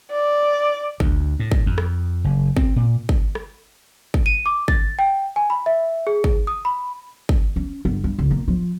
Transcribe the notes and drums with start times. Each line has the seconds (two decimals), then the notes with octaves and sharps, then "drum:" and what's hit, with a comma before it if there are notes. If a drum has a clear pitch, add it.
0.12 D5
1.00 D2, drum: kick
1.40 A2
1.52 drum: kick
1.66 F2
1.78 drum: rim click
2.24 F#1
2.57 C4, drum: kick
2.76 A#2
3.09 drum: kick
3.35 drum: rim click
4.14 drum: kick
4.26 D#7
4.46 D6
4.68 A6, drum: kick
4.99 G5
5.36 G#5
5.50 B5
5.66 E5
6.07 G#4
6.24 drum: kick
6.47 D#6
6.65 B5
7.29 drum: kick
7.56 C#4
7.85 G1
8.04 G2
8.19 C#2
8.31 A#2
8.48 F3